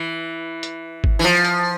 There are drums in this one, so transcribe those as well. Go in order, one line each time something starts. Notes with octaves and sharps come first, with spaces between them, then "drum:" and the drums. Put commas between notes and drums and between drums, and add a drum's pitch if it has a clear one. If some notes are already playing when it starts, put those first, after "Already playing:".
Already playing: E3
drum: hi-hat
drum: kick
E3
F3
drum: hi-hat